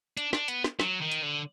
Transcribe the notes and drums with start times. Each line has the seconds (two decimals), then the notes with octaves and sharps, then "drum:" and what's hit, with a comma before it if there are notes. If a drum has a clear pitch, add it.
0.17 D4, drum: hi-hat
0.33 D4, drum: snare
0.48 B3, drum: hi-hat
0.64 drum: snare
0.80 F#3, drum: snare
1.01 D#3
1.12 drum: hi-hat
1.23 D3